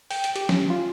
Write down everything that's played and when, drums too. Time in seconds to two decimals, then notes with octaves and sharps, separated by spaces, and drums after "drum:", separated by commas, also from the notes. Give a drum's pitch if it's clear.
0.11 G5, drum: open hi-hat
0.24 drum: hi-hat
0.36 G4, drum: hi-hat
0.49 C#4, drum: snare
0.70 F4